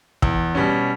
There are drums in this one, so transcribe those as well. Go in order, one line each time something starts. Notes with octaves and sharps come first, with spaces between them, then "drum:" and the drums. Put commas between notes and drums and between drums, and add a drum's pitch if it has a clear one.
E2, drum: kick
B2 G3 C#4